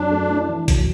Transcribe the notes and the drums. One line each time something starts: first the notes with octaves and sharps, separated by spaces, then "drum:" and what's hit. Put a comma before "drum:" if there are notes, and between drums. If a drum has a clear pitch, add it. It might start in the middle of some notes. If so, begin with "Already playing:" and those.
Already playing: F#2 D4
A3
E4
E3
F#3, drum: kick A1, open hi-hat